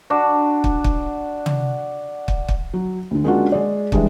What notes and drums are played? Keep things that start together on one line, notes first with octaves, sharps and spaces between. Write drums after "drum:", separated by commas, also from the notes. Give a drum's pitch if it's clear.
D4 F#4
drum: kick
drum: kick
drum: tom
drum: kick
drum: kick
F#3
D2 D3
G#3 A#3 C#4 D4 F4 F#4
G#3 G#4 D5
E3 G3 G#3 D4, drum: kick